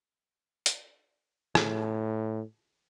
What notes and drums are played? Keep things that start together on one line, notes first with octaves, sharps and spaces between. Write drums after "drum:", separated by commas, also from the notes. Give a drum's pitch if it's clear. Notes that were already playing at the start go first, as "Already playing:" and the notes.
drum: hi-hat
A2, drum: rim click